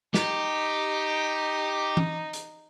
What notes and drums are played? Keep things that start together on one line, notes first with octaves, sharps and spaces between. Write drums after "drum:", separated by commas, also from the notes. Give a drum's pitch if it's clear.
D#4 G4, drum: snare
drum: tom
drum: hi-hat